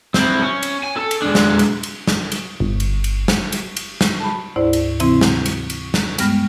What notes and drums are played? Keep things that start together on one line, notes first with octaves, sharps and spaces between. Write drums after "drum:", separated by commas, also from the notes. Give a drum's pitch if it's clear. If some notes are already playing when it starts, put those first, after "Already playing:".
C4 E4, drum: snare
C#4
drum: cymbal
G#5
A4
drum: cymbal
G#3 D4
drum: snare
drum: cymbal
drum: cymbal
drum: snare
drum: cymbal
G1
drum: cymbal
drum: cymbal
drum: snare
drum: cymbal
drum: cymbal
drum: snare
A5 B5
D2 G#2 E4 C5 D5
drum: cymbal
C3 E3 C4 E4, drum: cymbal
drum: snare
drum: cymbal
drum: cymbal
drum: snare
G2 G3 G#3 B3 F6 A#6, drum: cymbal